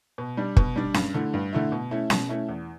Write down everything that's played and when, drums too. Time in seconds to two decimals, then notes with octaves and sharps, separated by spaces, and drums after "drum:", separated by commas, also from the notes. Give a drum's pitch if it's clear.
0.18 B2
0.37 G3 D4
0.57 B2, drum: kick
0.76 G3 D4
0.94 G2, drum: snare C#4
1.14 D3 A3 E4
1.34 G2
1.53 D3 A3 E4
1.72 B2
1.91 A3 C#4 E4
2.10 B2, drum: snare C#4
2.29 A3 C#4 E4
2.49 E2